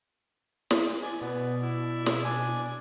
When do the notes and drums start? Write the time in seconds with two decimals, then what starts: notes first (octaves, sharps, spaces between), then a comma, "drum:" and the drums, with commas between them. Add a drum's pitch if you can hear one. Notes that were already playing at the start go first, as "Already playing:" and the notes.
0.71 drum: snare
1.03 D5 G#5
1.21 B2 B3
1.61 E4
2.06 drum: snare
2.25 D4 D5 G#5